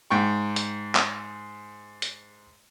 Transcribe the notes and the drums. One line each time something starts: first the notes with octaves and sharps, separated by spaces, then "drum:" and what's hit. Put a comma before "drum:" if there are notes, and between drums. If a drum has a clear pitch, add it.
G#2 G5 C#6
drum: hi-hat
drum: clap
drum: hi-hat